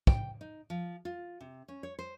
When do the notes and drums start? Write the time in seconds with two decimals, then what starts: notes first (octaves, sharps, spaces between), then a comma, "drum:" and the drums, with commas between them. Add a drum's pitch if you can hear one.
0.07 G5, drum: kick
0.41 D#4
0.70 F3
1.05 F4
1.41 C3
1.68 C#4
1.83 C#5
1.99 C5